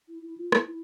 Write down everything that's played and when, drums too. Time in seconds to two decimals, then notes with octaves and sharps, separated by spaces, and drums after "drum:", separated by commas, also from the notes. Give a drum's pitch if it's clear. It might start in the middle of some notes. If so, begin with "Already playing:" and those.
0.08 E4
0.23 E4
0.38 F4
0.52 E4, drum: rim click
0.68 E4